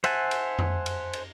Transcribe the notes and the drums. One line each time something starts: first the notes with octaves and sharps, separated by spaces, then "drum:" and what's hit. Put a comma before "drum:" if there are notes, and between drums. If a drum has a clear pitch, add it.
C5 E5 F#5 G#5 A5, drum: cymbal
drum: cymbal
drum: tom F2
drum: cymbal
drum: cymbal